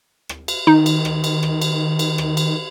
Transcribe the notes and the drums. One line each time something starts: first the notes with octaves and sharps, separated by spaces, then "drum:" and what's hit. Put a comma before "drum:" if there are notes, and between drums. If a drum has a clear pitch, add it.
drum: rim click
drum: cymbal
D#3 D#4
drum: cymbal
drum: rim click
drum: cymbal
drum: rim click
drum: cymbal
drum: cymbal
drum: rim click
drum: cymbal